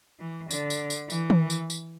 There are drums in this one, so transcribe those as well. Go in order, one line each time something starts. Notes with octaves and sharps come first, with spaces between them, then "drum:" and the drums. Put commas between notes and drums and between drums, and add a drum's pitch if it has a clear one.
E3
D3, drum: tambourine
drum: tambourine
drum: tambourine
E3, drum: tambourine
drum: tom D#3
drum: tambourine
drum: tambourine